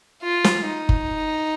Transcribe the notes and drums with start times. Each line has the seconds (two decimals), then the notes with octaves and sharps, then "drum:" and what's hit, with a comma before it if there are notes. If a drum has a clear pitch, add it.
0.23 F4
0.44 drum: snare
0.66 D#4
0.89 drum: kick F#1